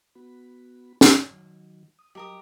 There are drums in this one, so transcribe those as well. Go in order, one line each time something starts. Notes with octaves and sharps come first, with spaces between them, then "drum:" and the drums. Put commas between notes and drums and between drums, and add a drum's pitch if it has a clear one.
B3 F#4 B5
drum: snare
D#3 F#3
D#6
F#3 G3 G4 A#4 D#5 D#6